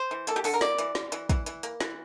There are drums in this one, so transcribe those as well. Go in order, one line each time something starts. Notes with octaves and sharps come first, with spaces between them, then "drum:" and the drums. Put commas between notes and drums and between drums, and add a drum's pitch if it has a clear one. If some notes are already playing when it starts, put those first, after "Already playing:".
Already playing: C5
E3
A#3 A4, drum: hi-hat
G4
D3 A4, drum: open hi-hat
A#4
A#3 D5, drum: snare
E3, drum: hi-hat
E3, drum: snare
E3, drum: hi-hat
E3, drum: kick, hi-hat
E3, drum: hi-hat
A#3, drum: hi-hat
E3, drum: snare